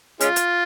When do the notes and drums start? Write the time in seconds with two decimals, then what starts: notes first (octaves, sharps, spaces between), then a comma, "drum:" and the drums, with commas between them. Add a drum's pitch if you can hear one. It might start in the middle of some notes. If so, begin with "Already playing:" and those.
0.21 G#3 C#4 F4, drum: hi-hat
0.36 drum: hi-hat